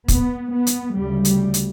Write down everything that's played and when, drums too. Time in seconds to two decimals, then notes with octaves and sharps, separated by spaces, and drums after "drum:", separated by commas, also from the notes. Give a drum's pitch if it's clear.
0.08 B3, drum: kick, hi-hat
0.53 B3
0.67 drum: hi-hat
0.96 D2 C#3 G3
1.25 G3, drum: hi-hat
1.54 drum: hi-hat